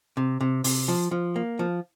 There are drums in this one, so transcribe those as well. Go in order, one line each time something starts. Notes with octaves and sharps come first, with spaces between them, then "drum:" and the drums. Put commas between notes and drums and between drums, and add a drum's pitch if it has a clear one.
C3
C3
C3, drum: open hi-hat
F3
F3
A#3
F3